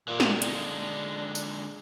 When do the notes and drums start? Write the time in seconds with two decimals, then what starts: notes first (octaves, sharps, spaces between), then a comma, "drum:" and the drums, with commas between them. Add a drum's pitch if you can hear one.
0.08 A#2 E3 G4
0.20 drum: snare
0.42 D3 G#3 D4 D#4, drum: hi-hat
1.35 drum: tambourine